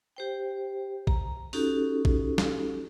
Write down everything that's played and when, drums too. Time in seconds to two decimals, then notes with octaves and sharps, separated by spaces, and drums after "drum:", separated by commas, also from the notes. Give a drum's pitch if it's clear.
0.16 G4 C5 G5
1.07 A#5, drum: kick A1
1.53 C#4 D#4 F#4 G4 A4, drum: open hi-hat
2.05 drum: kick A1
2.38 drum: snare